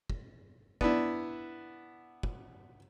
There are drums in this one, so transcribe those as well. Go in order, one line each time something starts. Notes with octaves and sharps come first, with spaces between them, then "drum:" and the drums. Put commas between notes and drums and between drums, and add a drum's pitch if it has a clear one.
drum: kick
B3 D4 E4, drum: kick
drum: kick